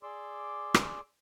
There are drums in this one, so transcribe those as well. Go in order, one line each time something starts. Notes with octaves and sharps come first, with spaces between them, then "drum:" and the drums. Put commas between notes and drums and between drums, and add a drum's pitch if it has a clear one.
G#4 D5 C6 D6 E6
drum: rim click